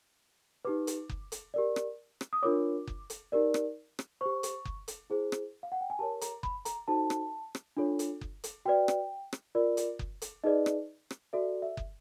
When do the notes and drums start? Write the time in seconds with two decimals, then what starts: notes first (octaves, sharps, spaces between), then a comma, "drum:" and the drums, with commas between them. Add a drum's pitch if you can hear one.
0.65 D#4 G4 B4 D6
0.87 drum: hi-hat
1.09 drum: kick F#1
1.32 drum: hi-hat
1.54 G4 A#4 D5
1.76 drum: rim click
2.21 drum: rim click
2.33 D#6
2.43 D4 F4 A#4 C#5 D6
2.87 drum: kick F#1
3.10 drum: hi-hat
3.32 D#4 G4 A#4 D5
3.54 drum: rim click
3.99 drum: rim click
4.21 G4 C5 C#6
4.43 drum: hi-hat
4.65 drum: kick F#1
4.88 drum: hi-hat
5.10 E4 G#4 C5
5.32 drum: rim click
5.63 F5
5.72 F#5
5.81 G5
5.90 G#5
5.99 G4 A#4 C#5 A5
6.21 A#5, drum: hi-hat
6.43 B5, drum: kick F#1
6.65 A#5, drum: hi-hat
6.88 D#4 F#4 A4 C5 A5
7.10 drum: rim click
7.55 drum: rim click
7.77 D4 F4 A4 C#5
7.99 drum: hi-hat
8.21 drum: kick F#1
8.44 drum: hi-hat
8.65 F#4 B4 D5 G5
8.88 drum: rim click
9.33 drum: rim click
9.55 F4 A#4 D5
9.77 drum: hi-hat
9.99 drum: kick F#1
10.22 drum: hi-hat
10.44 D#4 G#4 B4 D5 D#5
10.66 drum: rim click
11.11 drum: rim click
11.33 F#4 A4 D5 E5
11.62 E5
11.77 drum: kick F#1